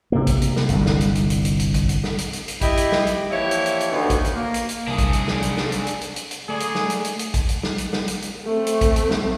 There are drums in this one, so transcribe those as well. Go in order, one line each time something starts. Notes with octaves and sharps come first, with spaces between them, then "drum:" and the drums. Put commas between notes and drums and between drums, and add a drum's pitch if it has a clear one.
C3 A#3
drum: kick A1, hi-hat
drum: hi-hat
drum: snare
G1 C2, drum: hi-hat
drum: snare
drum: hi-hat
drum: hi-hat
drum: hi-hat
drum: hi-hat
drum: hi-hat
drum: kick A1, hi-hat
drum: hi-hat
drum: snare
drum: hi-hat
drum: hi-hat
drum: hi-hat
E4 G4 D#5, drum: kick A1, hi-hat
drum: hi-hat
drum: snare
drum: hi-hat
A#2 E3 F3 E4 G4 C#5
drum: hi-hat
drum: hi-hat
drum: hi-hat
D2 D#3 B3
drum: kick A1, hi-hat
drum: hi-hat
A#3
drum: hi-hat
drum: hi-hat
C2 D4 G#4
drum: kick A1, hi-hat
drum: hi-hat
drum: snare
drum: hi-hat
drum: snare
drum: hi-hat
drum: hi-hat
drum: hi-hat
drum: hi-hat
drum: hi-hat
A3 G#4 D5
drum: hi-hat
drum: snare
drum: hi-hat
drum: hi-hat
drum: hi-hat
drum: kick A1, hi-hat
drum: hi-hat
drum: snare
drum: hi-hat
drum: snare
drum: hi-hat
drum: hi-hat
A3 C4
drum: hi-hat
drum: kick A1, hi-hat
drum: hi-hat
drum: snare